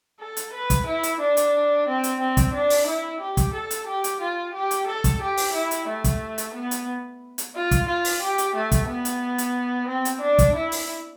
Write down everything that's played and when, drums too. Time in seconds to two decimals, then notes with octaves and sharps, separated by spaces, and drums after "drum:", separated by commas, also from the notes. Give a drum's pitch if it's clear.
0.20 A4
0.37 drum: hi-hat
0.53 B4
0.70 drum: kick, hi-hat
0.86 E4
1.03 drum: hi-hat
1.20 D4
1.37 drum: hi-hat
1.87 C4
2.04 drum: hi-hat
2.20 C4
2.37 drum: kick, hi-hat
2.53 D4
2.70 drum: open hi-hat
2.87 E4
3.20 G4
3.37 drum: kick, hi-hat
3.53 A4
3.71 drum: hi-hat
3.87 G4
4.04 drum: hi-hat
4.21 F4
4.54 G4
4.71 drum: hi-hat
4.87 A4
5.04 drum: kick, hi-hat
5.21 G4
5.38 drum: open hi-hat
5.54 E4
5.71 drum: hi-hat
5.88 A3
6.04 drum: kick, hi-hat
6.38 drum: hi-hat
6.54 B3
6.71 drum: hi-hat
7.38 drum: hi-hat
7.55 F4
7.71 drum: kick, hi-hat
7.88 F4
8.05 drum: open hi-hat
8.22 G4
8.38 drum: hi-hat
8.55 A3
8.72 drum: kick, hi-hat
8.88 B3
9.05 drum: hi-hat
9.38 drum: hi-hat
9.88 C4
10.05 drum: hi-hat
10.21 D4
10.39 drum: kick, hi-hat
10.55 E4
10.72 drum: open hi-hat